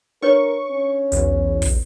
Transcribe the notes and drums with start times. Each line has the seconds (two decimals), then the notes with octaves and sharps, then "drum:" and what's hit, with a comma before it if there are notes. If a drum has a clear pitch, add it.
0.22 D4 A#4 B4 C#5 C#6
0.72 C#4
1.12 B1 E2, drum: hi-hat
1.62 drum: kick, open hi-hat